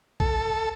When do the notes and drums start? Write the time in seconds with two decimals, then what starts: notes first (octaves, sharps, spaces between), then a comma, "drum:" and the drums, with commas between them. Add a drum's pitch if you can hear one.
0.20 A4, drum: kick